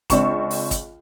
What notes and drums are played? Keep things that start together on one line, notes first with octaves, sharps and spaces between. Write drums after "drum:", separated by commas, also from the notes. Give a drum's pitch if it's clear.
C#2 C4 D4 C#6 E7, drum: kick, hi-hat
drum: open hi-hat
drum: kick, hi-hat